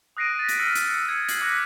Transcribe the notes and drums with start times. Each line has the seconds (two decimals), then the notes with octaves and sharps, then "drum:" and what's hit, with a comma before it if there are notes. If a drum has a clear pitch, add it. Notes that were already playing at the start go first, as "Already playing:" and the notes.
0.17 D#6 F#6 A#6 C7 D7 D#7
0.39 A6 B6
0.49 drum: hi-hat
0.59 E6 F6 A#6 B6 C#7 D7
0.75 drum: hi-hat
1.06 E6 G#6 C#7
1.29 C7 F#7, drum: hi-hat
1.42 D6 F#6 A#6 B6 C#7